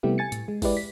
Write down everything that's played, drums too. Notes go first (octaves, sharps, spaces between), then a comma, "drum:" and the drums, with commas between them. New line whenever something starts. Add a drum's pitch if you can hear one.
C3 G3 A3 B3 E4 G4
G#5 A6 C#7
A2, drum: hi-hat
G#3
G#3 E4 G4 B4 D5, drum: kick, open hi-hat
B6